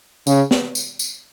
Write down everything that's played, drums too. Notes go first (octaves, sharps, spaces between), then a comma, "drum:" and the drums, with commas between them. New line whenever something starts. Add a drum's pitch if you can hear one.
C#3, drum: tambourine
drum: snare
drum: tambourine
drum: tambourine